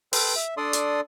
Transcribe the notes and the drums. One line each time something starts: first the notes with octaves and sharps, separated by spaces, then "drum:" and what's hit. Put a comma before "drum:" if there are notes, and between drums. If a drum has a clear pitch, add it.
A4 B4 G5 C6, drum: open hi-hat
E5
D4 A4 D5 C6 D#6
drum: hi-hat